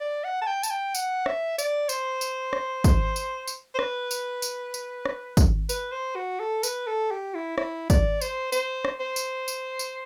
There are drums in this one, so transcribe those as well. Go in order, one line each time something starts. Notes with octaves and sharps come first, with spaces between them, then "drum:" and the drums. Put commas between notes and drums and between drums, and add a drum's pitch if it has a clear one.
D5
F#5
A5
G5
A5, drum: tambourine
G5
F#5, drum: tambourine
E5, drum: rim click
D5, drum: tambourine
C5, drum: tambourine
drum: tambourine
drum: rim click
drum: kick, tambourine
drum: tambourine
drum: tambourine
C5
B4, drum: rim click
drum: tambourine
drum: tambourine
drum: tambourine
drum: rim click
drum: kick, tambourine
B4, drum: tambourine
C5
F#4
A4
B4, drum: tambourine
A4
G4
E4
E4, drum: rim click
D5, drum: kick, tambourine
C5, drum: tambourine
C5, drum: tambourine
drum: rim click
C5
drum: tambourine
drum: tambourine
drum: tambourine